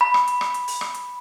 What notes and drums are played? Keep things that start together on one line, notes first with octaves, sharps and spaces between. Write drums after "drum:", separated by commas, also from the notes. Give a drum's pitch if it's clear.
B5
drum: rim click
drum: hi-hat
drum: rim click
drum: hi-hat
drum: open hi-hat
drum: rim click
drum: hi-hat